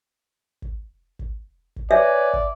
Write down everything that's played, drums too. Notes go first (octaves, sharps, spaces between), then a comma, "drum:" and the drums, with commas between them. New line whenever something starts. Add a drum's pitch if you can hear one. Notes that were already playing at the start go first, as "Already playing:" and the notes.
drum: kick
drum: kick
drum: kick
B4 C#5 D5 E5 G#5
drum: kick